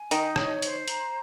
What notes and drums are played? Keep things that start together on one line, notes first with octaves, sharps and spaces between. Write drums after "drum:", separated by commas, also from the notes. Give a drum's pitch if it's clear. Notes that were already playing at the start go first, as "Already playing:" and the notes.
Already playing: G#5
D#3 D#4, drum: hi-hat
C#5, drum: rim click
C5, drum: hi-hat
A#5, drum: hi-hat